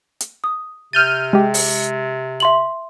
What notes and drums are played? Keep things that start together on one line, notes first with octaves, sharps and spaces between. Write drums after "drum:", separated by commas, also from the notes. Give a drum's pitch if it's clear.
drum: hi-hat
D#6
C3 F6 G6 A6 D#7
G#3 G4
drum: open hi-hat
E5 C6 F#7